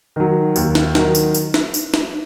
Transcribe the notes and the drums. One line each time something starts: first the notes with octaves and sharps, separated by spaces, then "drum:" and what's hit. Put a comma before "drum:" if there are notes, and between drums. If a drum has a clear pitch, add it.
D#3 F#3
D#2, drum: tambourine
drum: snare
D#3 F#3, drum: snare
drum: tambourine
drum: tambourine
drum: snare
drum: tambourine
drum: snare